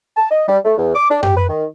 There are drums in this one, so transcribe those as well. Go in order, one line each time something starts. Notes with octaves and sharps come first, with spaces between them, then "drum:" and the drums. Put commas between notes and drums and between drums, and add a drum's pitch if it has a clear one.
A5
D#5
G3
A3
E2
D6
D4
G4, drum: tom F#2
B4
D#3